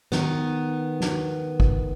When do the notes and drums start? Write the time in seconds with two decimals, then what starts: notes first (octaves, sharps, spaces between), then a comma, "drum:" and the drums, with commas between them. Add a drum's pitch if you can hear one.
0.12 D#3 B3, drum: snare
1.01 drum: snare
1.60 drum: kick G#1